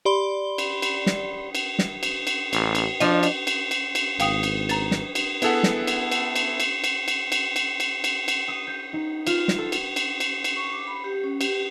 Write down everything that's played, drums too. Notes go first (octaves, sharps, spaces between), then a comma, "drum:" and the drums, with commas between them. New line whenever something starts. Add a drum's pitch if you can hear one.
G4 D5 B5 C6 G7
drum: cymbal
drum: cymbal
drum: snare
drum: cymbal
drum: snare
drum: cymbal
drum: cymbal
A1, drum: cymbal
drum: cymbal
F3 D4 D#5, drum: cymbal
drum: cymbal
drum: cymbal
drum: cymbal
drum: cymbal
G#1 F5 G5 D#6, drum: cymbal
drum: cymbal
A#5 A6, drum: cymbal
drum: snare
drum: cymbal
B3 E4 G#4 A4 E5 F#5, drum: cymbal
drum: snare
drum: cymbal
drum: cymbal
drum: cymbal
drum: cymbal
drum: cymbal
drum: cymbal
drum: cymbal
drum: cymbal
drum: cymbal
drum: cymbal
drum: cymbal
D#6
G6
D#4
F4, drum: cymbal
drum: snare
A4
drum: cymbal
drum: cymbal
drum: cymbal
drum: cymbal
C#6
D6
B5
G4
C#4
G4, drum: cymbal